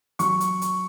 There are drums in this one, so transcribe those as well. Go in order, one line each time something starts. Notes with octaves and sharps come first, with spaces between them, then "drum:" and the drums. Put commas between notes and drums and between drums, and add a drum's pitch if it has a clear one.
F#3 C#6, drum: hi-hat
drum: hi-hat
drum: hi-hat